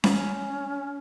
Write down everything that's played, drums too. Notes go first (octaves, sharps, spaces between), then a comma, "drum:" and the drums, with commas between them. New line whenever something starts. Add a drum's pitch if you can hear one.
C#4, drum: snare C#4